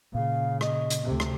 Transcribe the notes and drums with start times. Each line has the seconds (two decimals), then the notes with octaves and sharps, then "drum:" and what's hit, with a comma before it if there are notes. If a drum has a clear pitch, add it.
0.15 A#2 C#3 F5
0.61 D#5, drum: rim click
0.90 drum: hi-hat
1.05 D2 C3
1.20 drum: rim click